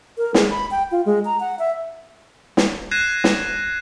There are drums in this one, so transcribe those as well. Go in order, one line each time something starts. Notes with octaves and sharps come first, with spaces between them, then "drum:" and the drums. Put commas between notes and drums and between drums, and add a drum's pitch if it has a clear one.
A#4
G#3, drum: snare
B5
G5
F4
G#3
A#5
F#5
E5
drum: snare
F#6 G#6 A#6 C7 D#7 E7
drum: snare